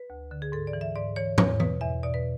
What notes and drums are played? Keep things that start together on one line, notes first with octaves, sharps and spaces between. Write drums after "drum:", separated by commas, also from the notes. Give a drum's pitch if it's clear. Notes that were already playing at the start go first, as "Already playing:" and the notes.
Already playing: B4
D2
D3
G#4
G#2 A4
D5
E3
E5
G#2 D5
E3 C#5
E2 C#5, drum: tom
B2 B4, drum: tom E3
E2 E5
B2 D5
B4